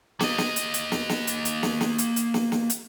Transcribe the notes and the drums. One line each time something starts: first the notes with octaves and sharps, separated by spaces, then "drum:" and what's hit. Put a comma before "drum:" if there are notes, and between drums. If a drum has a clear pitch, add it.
A#3 D#5, drum: snare
drum: snare
drum: hi-hat
drum: hi-hat
drum: snare
drum: snare
drum: hi-hat
drum: hi-hat
drum: snare
drum: snare
drum: hi-hat
drum: hi-hat
drum: snare
drum: snare
drum: hi-hat